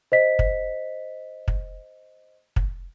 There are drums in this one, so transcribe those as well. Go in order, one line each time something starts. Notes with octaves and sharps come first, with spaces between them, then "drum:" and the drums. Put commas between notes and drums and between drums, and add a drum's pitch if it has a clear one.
C5 D#5 B6
drum: kick
drum: kick
drum: kick